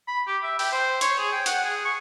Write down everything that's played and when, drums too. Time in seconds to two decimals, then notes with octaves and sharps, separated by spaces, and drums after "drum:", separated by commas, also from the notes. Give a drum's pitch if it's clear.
0.08 B5
0.27 G4
0.43 E5
0.59 G5, drum: open hi-hat
0.72 C5
1.01 C#5, drum: hi-hat
1.18 G#4
1.32 G5
1.46 F#5, drum: hi-hat
1.64 G#4
1.85 C#6